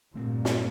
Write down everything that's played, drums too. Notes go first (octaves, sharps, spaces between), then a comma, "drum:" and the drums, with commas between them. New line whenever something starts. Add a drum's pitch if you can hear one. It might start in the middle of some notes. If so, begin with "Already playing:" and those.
G2 A#2 D3 A3 C4
drum: snare